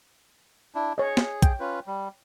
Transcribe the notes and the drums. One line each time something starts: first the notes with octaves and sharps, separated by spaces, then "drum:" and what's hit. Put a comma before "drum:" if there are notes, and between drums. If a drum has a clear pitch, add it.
D4 E4
G#4 C#5 D#5
drum: snare
G5, drum: kick, hi-hat
C#4 F4 B4
G3